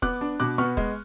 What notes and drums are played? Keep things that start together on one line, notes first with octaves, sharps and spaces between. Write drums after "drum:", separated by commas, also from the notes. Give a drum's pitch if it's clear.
B3 D6 F#6, drum: kick F1
D4
B2 D6 F#6
B3 C#6 F6
G#3, drum: kick F1